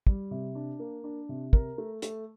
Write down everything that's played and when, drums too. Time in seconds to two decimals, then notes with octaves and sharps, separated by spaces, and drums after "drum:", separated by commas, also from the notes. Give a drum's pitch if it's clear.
0.07 G3, drum: kick
0.31 C3
0.55 D4
0.79 A#3
1.04 D4
1.29 C3
1.53 A#4, drum: kick
1.78 A3
2.02 A3, drum: hi-hat